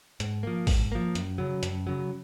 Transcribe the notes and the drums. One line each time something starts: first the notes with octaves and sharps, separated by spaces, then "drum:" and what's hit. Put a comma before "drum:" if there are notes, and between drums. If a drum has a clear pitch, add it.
G#2, drum: hi-hat
F3 A#3
G#2, drum: kick, open hi-hat
F3 A#3
F#2, drum: hi-hat
C#3 F#3
F#2, drum: hi-hat
C#3 F#3